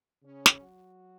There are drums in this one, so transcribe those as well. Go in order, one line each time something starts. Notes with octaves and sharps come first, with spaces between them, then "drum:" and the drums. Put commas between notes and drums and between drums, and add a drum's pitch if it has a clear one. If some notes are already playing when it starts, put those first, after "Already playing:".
C#3 C#4
drum: snare
F#3 F#4